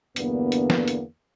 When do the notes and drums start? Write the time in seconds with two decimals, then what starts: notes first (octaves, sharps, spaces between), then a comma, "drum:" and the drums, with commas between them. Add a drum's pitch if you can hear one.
0.16 E2 G2 D3 A#3 B3, drum: hi-hat
0.52 drum: hi-hat
0.70 drum: snare
0.88 drum: hi-hat